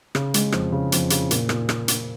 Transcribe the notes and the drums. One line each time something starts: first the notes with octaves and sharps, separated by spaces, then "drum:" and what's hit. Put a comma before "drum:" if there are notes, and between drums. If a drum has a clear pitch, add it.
C#3, drum: rim click
G#3, drum: hi-hat
F2, drum: rim click
C#3
F2, drum: hi-hat
C#3, drum: hi-hat
A#2, drum: hi-hat
A#2, drum: rim click
drum: rim click
drum: hi-hat